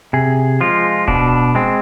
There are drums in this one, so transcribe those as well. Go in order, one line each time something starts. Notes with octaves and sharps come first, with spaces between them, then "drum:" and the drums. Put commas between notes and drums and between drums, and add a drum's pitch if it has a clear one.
C3 G#4
F3 G#3 F4
B2 D4, drum: kick D1
G#3 C4